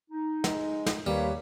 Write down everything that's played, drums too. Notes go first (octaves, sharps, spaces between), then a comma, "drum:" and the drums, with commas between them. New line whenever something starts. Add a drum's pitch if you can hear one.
D#4
G#3, drum: snare
drum: snare
D#2 G3 A#3 B4 C#5